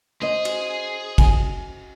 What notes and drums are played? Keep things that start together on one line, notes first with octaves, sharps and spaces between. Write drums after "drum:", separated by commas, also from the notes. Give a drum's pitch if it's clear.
G#4 C5 D#5
drum: cymbal
G#5, drum: kick, cymbal